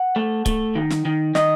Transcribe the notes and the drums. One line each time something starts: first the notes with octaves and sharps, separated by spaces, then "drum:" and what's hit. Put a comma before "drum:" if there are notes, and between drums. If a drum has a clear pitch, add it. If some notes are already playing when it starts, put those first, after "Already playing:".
Already playing: F#5
A3
A3, drum: kick C#1, hi-hat
D#3
drum: snare
D#3
D#3 D#5, drum: snare